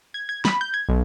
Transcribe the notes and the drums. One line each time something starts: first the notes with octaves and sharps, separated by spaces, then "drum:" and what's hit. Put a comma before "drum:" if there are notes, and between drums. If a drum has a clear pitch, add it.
G#6
G#6
B5, drum: snare
G6
G#6
B1